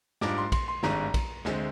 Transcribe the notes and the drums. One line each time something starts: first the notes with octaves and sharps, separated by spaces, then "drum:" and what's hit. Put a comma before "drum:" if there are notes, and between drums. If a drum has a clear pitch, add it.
G#2 G3 D4 F4 D6, drum: snare
C6
C6, drum: kick A#1, cymbal
C6
G#1 G2 D#3 G#3 A#5, drum: snare
drum: kick A#1, cymbal
D2 D3 G#3 C4, drum: snare